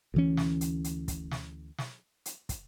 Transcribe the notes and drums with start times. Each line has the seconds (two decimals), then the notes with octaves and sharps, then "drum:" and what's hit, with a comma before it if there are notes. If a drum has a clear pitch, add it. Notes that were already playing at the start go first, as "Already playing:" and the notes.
0.14 D2 E3 C#4
0.37 drum: snare
0.61 drum: hi-hat
0.84 drum: hi-hat
1.08 drum: kick, hi-hat
1.31 drum: snare
1.78 drum: snare
2.26 drum: hi-hat
2.49 drum: kick, hi-hat